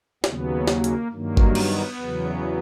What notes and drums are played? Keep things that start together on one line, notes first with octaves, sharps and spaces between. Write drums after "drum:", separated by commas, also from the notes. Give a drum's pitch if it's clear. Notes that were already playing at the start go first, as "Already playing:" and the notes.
D#2 C#3 F#3 B3, drum: snare
A#3, drum: snare
drum: hi-hat
G2 D#3 F#3 A#3
drum: kick G1
B3, drum: cymbal
E2 C#3 F#3